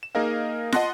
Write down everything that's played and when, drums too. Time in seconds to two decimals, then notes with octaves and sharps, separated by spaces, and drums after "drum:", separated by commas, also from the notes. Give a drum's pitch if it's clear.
0.03 E7
0.15 A#3 D#4 G#4 A#4 D#5 F5
0.72 D#5 F#5 A5 C6 F#6 A#6, drum: snare